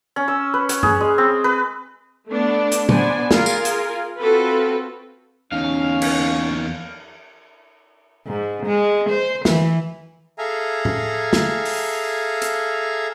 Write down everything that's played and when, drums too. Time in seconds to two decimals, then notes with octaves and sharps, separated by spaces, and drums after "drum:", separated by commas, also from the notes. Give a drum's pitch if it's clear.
0.16 C#4
0.28 E6
0.54 B4
0.69 C#5, drum: hi-hat
0.83 G#4, drum: tom G2
1.00 G#3
1.18 C4
1.44 B4
2.29 A3 B3 D4
2.72 drum: hi-hat
2.89 B3 D4 C5 G#5, drum: tom
3.31 F4 G#4 A#4, drum: snare
3.46 drum: tambourine
3.65 drum: hi-hat
4.21 C4 F4 F#4 A4 B4
5.52 E2 C#4 D#4 F5
6.02 drum: cymbal
8.27 G#2
8.66 G#3
9.09 C5
9.45 E3, drum: snare
10.38 G#4 A4 E5 F5 G#5 A#5
10.85 drum: tom A2
11.33 drum: snare
11.65 drum: open hi-hat
12.42 drum: hi-hat